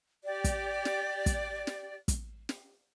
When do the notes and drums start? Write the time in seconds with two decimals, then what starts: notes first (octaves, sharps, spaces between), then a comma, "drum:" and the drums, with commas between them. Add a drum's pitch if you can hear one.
0.24 G4 D5
0.44 drum: kick, hi-hat
0.85 drum: snare
1.26 drum: kick, hi-hat
1.67 drum: snare
2.08 drum: kick, hi-hat
2.49 drum: snare